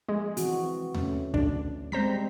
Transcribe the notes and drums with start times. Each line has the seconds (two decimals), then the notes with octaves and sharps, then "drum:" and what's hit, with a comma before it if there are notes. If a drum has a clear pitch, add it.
0.09 F3 G#3 G#4
0.37 E3 C4 F#4, drum: hi-hat
0.94 A3 C#4, drum: tom D#2
1.34 D2 D4, drum: kick
1.92 G3 G#3 C4 C5 A#5 B6